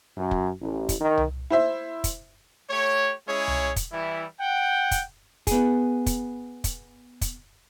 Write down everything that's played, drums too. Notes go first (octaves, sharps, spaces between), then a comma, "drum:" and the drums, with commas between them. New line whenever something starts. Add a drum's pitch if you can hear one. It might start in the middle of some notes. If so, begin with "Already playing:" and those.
F#2
drum: kick
A1
drum: kick, hi-hat
D#3
drum: tom C2
E4 C5 E5
drum: kick, hi-hat
A3 G4 C#5
G#3 C#4 E4 G#4 C#5
drum: tom C2
drum: kick, hi-hat
E3 G3 E4
F#5 G5
drum: kick, hi-hat
B3 G#4, drum: kick, hi-hat
drum: kick, hi-hat
drum: kick, hi-hat
drum: kick, hi-hat